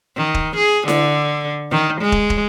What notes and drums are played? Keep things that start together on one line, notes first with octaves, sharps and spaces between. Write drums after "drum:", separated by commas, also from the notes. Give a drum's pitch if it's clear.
D#3
drum: kick
G#4
D3, drum: snare E4
D#3
G#3
drum: kick
drum: kick